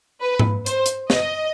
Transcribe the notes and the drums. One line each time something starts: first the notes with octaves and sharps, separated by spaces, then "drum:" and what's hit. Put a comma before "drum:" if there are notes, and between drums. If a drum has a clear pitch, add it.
B4
drum: tom G#2
C5, drum: hi-hat
drum: hi-hat
D#5, drum: snare